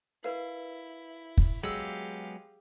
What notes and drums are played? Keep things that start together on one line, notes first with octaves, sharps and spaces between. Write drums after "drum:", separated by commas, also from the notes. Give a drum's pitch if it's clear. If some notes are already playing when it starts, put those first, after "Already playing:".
E4 A#4 B4 F5
drum: kick
F#3 G#3 B3 G4 G#4 F5 E6 F#7